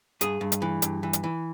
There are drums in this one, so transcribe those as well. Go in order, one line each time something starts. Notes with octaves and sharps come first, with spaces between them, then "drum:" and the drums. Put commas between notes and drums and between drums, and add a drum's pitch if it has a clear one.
G2 G#4, drum: hi-hat
G2
drum: hi-hat
E3
G2, drum: hi-hat
E3
drum: hi-hat
E3